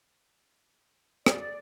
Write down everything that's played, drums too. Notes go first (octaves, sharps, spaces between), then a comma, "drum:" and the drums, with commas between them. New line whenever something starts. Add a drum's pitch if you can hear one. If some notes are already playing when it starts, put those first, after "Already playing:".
D5, drum: rim click